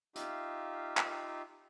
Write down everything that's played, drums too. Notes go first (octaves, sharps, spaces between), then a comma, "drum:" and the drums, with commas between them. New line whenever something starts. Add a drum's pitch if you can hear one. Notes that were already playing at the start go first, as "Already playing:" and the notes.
D#4 F4 G4 E5 F5, drum: hi-hat
drum: clap